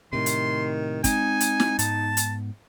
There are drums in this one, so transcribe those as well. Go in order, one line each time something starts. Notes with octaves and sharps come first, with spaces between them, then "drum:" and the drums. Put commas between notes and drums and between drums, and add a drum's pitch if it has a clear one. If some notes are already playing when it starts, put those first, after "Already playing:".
A2 C3 D#3 C6
drum: hi-hat
G#3 C4 D#4 G#5, drum: kick, hi-hat
drum: hi-hat
drum: snare
G#2 B3 A5, drum: hi-hat
drum: hi-hat